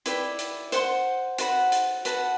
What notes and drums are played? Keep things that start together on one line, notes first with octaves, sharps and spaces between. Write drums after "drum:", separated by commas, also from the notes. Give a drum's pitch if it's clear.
E4 B4 D5 G5, drum: hi-hat
drum: hi-hat
C5 F#5 C6, drum: hi-hat
F#4 C5 F#5 B5, drum: hi-hat
drum: hi-hat
F#4 B4 F#5 A5, drum: hi-hat